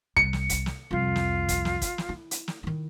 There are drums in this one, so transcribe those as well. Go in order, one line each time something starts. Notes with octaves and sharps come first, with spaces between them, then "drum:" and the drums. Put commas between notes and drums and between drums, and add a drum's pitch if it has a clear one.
C2 C#7, drum: kick
drum: snare
drum: kick, hi-hat
drum: snare
C2 F2 F4
drum: snare
drum: kick, hi-hat
drum: snare
drum: kick, hi-hat
drum: snare
E4
drum: hi-hat
drum: snare
D#3 E4